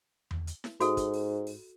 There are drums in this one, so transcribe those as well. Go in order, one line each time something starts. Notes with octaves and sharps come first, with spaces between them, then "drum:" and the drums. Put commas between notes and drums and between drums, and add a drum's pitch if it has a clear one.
drum: tom E2
drum: hi-hat
drum: snare E4
G#2 F#4 A4, drum: hi-hat
drum: kick, hi-hat
drum: open hi-hat
drum: open hi-hat